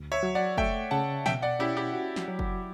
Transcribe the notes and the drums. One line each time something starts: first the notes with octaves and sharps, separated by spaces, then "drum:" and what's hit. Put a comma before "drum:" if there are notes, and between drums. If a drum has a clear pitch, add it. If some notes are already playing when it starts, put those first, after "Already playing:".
Already playing: D2
C#5 E5
F#3
D5 F#5
A3 E5 G5, drum: kick
C#3 F#5 A5
B2 E5 G5, drum: snare
D5 F#5
C#4 E4 G4
E4 G4
F#4
drum: snare
F#3
drum: kick